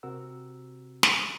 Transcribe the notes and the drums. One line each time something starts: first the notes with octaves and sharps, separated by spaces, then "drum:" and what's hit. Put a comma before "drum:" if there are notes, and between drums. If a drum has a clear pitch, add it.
C3 C4 F#4 A#4 F#5 E6
drum: snare